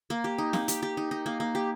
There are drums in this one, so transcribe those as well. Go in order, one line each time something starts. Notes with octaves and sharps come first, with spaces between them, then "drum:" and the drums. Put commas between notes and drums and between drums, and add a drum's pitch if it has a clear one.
A#3
G4
D#4
A#3, drum: snare
G4, drum: hi-hat
G4
D#4
D#4
A#3
A#3
G4